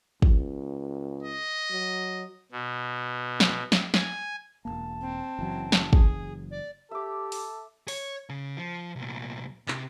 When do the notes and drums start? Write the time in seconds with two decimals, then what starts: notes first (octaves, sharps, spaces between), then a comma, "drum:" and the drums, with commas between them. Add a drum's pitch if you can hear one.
0.22 C#2, drum: kick
1.23 D#5
1.71 F#3
2.52 B2
3.40 drum: snare
3.72 drum: snare
3.94 G#5, drum: snare
4.65 E1 F2 A#3 A5
5.01 C4
5.39 F#1 E3 F#3
5.72 drum: snare
5.93 G#4, drum: kick
6.51 D5
6.91 G4 A4 E5 D6
7.32 drum: open hi-hat
7.88 C#5, drum: open hi-hat
8.29 C#3
8.57 F3
8.96 C2 A#2
9.68 C3, drum: clap